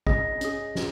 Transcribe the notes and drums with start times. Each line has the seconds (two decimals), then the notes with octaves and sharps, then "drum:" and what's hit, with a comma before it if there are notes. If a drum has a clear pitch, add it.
0.07 C#4 G#4 D#5, drum: kick G#1
0.41 C#4 G#4, drum: hi-hat
0.75 C#4, drum: snare